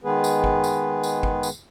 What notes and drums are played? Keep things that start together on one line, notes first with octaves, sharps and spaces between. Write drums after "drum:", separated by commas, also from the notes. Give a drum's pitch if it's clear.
D#3 G#3 B3 G#4 B4
drum: tambourine
drum: kick G1
drum: tambourine
drum: tambourine
drum: kick G1
drum: tambourine